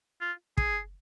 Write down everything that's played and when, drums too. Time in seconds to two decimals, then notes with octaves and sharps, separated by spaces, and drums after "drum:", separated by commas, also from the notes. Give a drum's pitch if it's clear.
0.21 F4
0.57 G#4, drum: kick